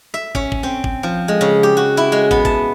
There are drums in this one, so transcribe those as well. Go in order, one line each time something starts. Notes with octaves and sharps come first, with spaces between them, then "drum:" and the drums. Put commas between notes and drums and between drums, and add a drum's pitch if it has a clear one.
E5
C#4, drum: kick
drum: kick
C4
drum: kick
F3
G#3
C#3
G4
F#4
E4
G#3
B3, drum: kick
A5, drum: kick